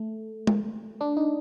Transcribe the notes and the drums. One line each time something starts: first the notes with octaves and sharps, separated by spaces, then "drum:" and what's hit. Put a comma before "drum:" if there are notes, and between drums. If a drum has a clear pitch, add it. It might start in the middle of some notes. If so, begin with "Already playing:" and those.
Already playing: A3
drum: tom G#3
D4
D#4